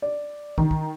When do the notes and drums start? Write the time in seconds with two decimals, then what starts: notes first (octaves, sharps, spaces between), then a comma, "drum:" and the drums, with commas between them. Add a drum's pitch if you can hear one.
0.02 D5
0.58 D#3, drum: kick
0.71 drum: kick